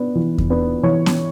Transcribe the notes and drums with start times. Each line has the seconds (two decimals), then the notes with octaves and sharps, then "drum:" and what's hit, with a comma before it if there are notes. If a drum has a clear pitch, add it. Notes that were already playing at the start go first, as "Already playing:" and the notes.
Already playing: B3 D4
0.15 E3
0.38 drum: kick E2
0.50 B3 D4
0.83 E3 C#5
1.06 drum: snare B3